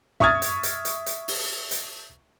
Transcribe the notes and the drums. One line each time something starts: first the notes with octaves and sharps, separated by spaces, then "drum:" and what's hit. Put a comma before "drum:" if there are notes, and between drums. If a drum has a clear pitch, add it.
E5 C#6 D#6 F6 G#6 A6, drum: tom
drum: hi-hat
drum: hi-hat
drum: hi-hat
drum: hi-hat
drum: open hi-hat
drum: hi-hat